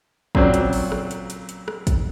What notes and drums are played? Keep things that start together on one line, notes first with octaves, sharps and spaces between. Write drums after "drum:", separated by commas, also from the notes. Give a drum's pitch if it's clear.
A#2 C#3 F#3 C4, drum: kick
drum: hi-hat
drum: open hi-hat
drum: rim click
drum: hi-hat
drum: hi-hat
drum: hi-hat
drum: rim click
drum: kick, hi-hat